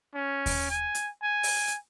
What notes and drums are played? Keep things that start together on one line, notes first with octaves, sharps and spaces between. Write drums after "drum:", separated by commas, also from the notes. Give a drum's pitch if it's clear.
C#4
drum: kick D#2, open hi-hat
G#5
drum: hi-hat
G#5
drum: open hi-hat
drum: hi-hat